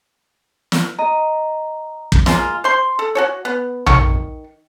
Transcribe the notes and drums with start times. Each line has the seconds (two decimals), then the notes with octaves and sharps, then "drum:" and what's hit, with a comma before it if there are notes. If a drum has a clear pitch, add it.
0.72 drum: snare
0.99 D#5 A#5
2.12 drum: kick
2.26 G#3 A#3 F4, drum: snare
2.64 C5 C6
2.99 A4
3.15 F#4 A4 C#5
3.45 B3
3.86 D#3 C#6, drum: tom